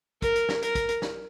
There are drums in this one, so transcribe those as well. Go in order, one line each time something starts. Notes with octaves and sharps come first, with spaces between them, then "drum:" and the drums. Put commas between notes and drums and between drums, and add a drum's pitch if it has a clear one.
A#4, drum: kick, hi-hat
drum: hi-hat
drum: snare
A#4, drum: hi-hat
drum: kick, hi-hat
drum: hi-hat
drum: snare